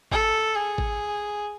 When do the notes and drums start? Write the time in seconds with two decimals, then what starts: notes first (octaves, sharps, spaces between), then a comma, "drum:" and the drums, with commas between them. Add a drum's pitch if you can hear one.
0.11 A4, drum: kick G#1
0.56 G#4
0.78 drum: kick G#1